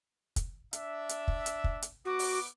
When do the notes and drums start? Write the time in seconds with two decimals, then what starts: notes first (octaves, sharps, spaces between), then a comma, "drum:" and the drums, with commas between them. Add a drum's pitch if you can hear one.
0.36 drum: kick, hi-hat
0.73 D4 E5, drum: hi-hat
1.09 drum: hi-hat
1.28 drum: kick
1.46 drum: hi-hat
1.64 drum: kick
1.82 drum: hi-hat
2.05 B3 F#4 D6
2.19 drum: open hi-hat